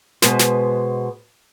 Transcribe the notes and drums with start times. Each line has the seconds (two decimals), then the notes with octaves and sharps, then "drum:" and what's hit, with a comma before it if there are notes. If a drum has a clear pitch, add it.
0.22 B2 G#3 B4 C5, drum: snare
0.39 drum: snare